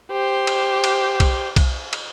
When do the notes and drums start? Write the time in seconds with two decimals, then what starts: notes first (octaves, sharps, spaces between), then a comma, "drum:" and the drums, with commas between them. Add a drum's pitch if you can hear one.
0.11 G4 C5
0.47 drum: cymbal
0.84 drum: cymbal
1.20 drum: kick B1, cymbal
1.56 drum: kick B1, cymbal
1.93 drum: cymbal